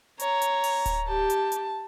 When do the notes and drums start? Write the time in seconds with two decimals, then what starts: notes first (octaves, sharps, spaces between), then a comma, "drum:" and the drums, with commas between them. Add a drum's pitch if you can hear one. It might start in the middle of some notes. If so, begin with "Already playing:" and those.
0.20 C#5 A#5, drum: hi-hat
0.42 drum: hi-hat
0.64 drum: open hi-hat
0.86 drum: kick D1, hi-hat
1.08 G4 A5
1.30 drum: hi-hat
1.52 drum: hi-hat